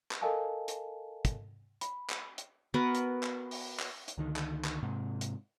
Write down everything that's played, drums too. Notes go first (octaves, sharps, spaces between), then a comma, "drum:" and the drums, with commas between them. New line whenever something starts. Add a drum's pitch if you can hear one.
drum: clap
A4 A#4 D#5 F5 G#5 A5
drum: hi-hat
drum: kick, hi-hat
B5, drum: hi-hat
drum: clap
drum: hi-hat
B3 F#4 A#4 B4
drum: hi-hat
drum: clap
drum: open hi-hat
drum: clap
drum: hi-hat
C#2 D3 D#3
drum: clap
drum: clap
G#2 C3
drum: hi-hat